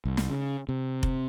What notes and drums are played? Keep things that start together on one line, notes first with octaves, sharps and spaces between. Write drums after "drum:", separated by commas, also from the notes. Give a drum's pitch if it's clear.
C2
drum: snare
C#3
C3
drum: kick F1